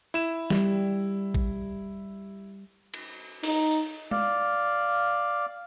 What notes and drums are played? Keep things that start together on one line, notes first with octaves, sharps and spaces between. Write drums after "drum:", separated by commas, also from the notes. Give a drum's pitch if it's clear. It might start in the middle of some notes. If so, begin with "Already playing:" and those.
E4 E7
G3, drum: snare
drum: kick A1
drum: cymbal
D#4, drum: cymbal
drum: tambourine
D5 F5, drum: tom G#3